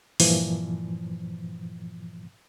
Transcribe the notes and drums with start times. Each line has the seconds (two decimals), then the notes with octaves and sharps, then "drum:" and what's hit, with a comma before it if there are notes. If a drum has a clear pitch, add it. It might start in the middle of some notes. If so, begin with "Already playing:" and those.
0.20 G2 A#2 E3 F3, drum: open hi-hat